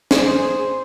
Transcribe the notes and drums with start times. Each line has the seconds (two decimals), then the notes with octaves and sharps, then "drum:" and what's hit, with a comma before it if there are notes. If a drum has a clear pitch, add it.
0.11 G#4 C5, drum: snare